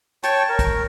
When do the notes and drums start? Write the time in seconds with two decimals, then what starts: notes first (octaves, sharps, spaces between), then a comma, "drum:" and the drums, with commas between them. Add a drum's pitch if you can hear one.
0.24 C#5 G5 A5 C#6, drum: hi-hat
0.49 A#4
0.59 drum: kick, hi-hat